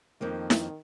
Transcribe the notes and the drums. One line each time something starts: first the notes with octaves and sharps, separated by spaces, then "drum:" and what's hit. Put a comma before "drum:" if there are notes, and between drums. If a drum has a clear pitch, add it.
F2 D#3 F3 A#3
drum: snare E4